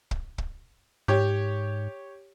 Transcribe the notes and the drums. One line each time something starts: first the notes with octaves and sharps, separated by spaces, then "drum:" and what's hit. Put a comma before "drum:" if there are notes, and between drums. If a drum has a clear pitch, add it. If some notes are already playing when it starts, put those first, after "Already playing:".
drum: kick
drum: kick
G#2 G4 C#5